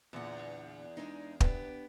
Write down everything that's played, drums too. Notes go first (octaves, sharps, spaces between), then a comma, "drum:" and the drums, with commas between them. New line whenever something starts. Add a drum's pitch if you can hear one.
E2 A#2 D3 F#5
G#3 D4 D#4
B3 D4 G4, drum: kick